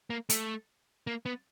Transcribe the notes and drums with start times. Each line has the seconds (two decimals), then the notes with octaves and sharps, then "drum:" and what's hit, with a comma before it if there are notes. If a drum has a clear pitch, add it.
0.10 A#3
0.30 A3, drum: hi-hat
1.07 A#3
1.26 B3